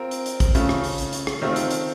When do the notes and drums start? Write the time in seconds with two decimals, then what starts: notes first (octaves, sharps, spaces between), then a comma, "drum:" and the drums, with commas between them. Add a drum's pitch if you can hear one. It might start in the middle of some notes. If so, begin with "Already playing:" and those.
Already playing: C4 F4 A#4
0.11 drum: hi-hat
0.26 drum: hi-hat
0.40 drum: kick, hi-hat
0.55 C#3 A3 C#4 F4, drum: hi-hat
0.69 drum: rim click
0.84 drum: open hi-hat
0.98 drum: hi-hat
1.13 drum: hi-hat
1.27 drum: rim click
1.42 D#3 A3 C4 F4
1.56 drum: hi-hat
1.71 drum: hi-hat